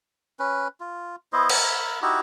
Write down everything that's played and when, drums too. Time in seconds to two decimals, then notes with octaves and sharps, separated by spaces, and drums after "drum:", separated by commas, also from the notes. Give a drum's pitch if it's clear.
0.39 C#4 B4
0.80 F4
1.33 B3 E4 C5 D#5
1.49 A#4 E5 B5, drum: cymbal
2.02 D#4 E4 F#4 G4